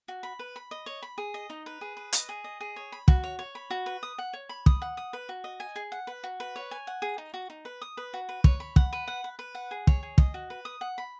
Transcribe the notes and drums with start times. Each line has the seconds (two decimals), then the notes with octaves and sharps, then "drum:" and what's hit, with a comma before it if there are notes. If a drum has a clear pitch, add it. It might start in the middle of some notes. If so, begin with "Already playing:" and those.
0.08 F#4
0.23 B5
0.39 B4
0.56 B5
0.71 D#5
0.86 C#5
1.03 B5
1.18 G#4
1.34 D#5
1.50 D#4
1.66 B4
1.81 G#4
1.97 B4
2.13 D#5, drum: hi-hat
2.29 G#4
2.44 D#5
2.61 G#4
2.76 C#5
2.92 B5
3.08 F#4, drum: kick
3.23 C#5
3.39 C#5
3.55 B5
3.70 F#4
3.86 B4
4.03 D#6
4.18 F#5
4.33 C#5
4.49 B5
4.66 D#6, drum: kick
4.82 F#5
4.97 D#6
5.13 B4
5.29 F#4
5.44 D#5
5.60 G#5
5.76 G#4
5.92 F#5
6.07 B4
6.24 F#4
6.40 B4
6.56 C#5
6.71 G#5
6.87 F#5
7.02 G#4
7.18 D#4
7.34 F#4
7.50 D#4
7.65 B4
7.82 D#6
7.97 B4
8.14 F#4
8.29 B4
8.44 C#5, drum: kick
8.60 B5
8.76 F#5, drum: kick
8.93 B4
9.08 F#5
9.24 B4
9.39 B4
9.55 F#5
9.71 G#4
9.87 C#5, drum: kick
10.03 G#4
10.18 D#5, drum: kick
10.34 F#4
10.50 B4
10.65 D#6
10.81 F#5
10.98 B5